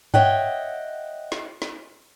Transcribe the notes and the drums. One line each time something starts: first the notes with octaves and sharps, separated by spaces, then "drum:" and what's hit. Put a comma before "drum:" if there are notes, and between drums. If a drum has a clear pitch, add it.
C#5 D#5 E5 F#5 G5, drum: tom G2
drum: snare
drum: snare